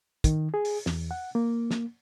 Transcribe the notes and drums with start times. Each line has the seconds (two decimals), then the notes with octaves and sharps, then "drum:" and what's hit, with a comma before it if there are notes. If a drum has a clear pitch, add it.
0.24 D#3, drum: kick, hi-hat
0.54 G#4
0.65 drum: open hi-hat
0.86 E2, drum: snare
1.11 F#5
1.35 A#3
1.71 drum: snare